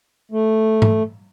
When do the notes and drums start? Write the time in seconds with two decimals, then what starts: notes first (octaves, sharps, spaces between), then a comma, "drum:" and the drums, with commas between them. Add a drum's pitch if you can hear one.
0.32 A3
0.82 drum: tom G#2